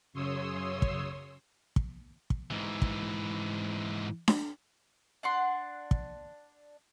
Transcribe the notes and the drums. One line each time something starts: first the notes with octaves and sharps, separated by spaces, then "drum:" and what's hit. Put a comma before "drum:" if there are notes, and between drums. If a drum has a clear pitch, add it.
F#2 C#3 C#5 C6 D#6 E6
drum: kick
drum: kick
drum: kick
G#2 E3
drum: kick
drum: snare D4
D4 F#5 C6
drum: kick